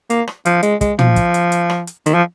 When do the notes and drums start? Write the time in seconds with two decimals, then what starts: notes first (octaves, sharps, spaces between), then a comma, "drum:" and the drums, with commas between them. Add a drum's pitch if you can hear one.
0.10 A#3, drum: hi-hat
0.27 drum: rim click
0.45 F3, drum: hi-hat
0.63 G#3, drum: hi-hat
0.81 G#3, drum: kick, hi-hat
0.99 F3, drum: tom
1.16 drum: kick, hi-hat
1.34 drum: hi-hat
1.52 drum: hi-hat
1.70 drum: rim click
1.87 drum: hi-hat
2.06 D#3, drum: hi-hat
2.14 F3